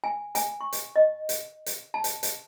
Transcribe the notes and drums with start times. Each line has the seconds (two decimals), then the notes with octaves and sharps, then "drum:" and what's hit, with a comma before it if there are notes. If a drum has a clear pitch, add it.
0.04 G#5
0.35 G#5, drum: hi-hat
0.61 C#6
0.73 drum: hi-hat
0.96 D#5
1.29 drum: hi-hat
1.66 drum: hi-hat
1.94 A5
2.04 drum: hi-hat
2.23 drum: hi-hat